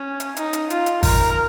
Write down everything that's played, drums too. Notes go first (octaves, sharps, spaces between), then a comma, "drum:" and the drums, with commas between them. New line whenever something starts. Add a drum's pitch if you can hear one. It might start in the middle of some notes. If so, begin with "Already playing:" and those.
Already playing: C#4
drum: hi-hat
D#4, drum: hi-hat
drum: hi-hat
F4, drum: hi-hat
drum: hi-hat
A#4, drum: kick G#1, open hi-hat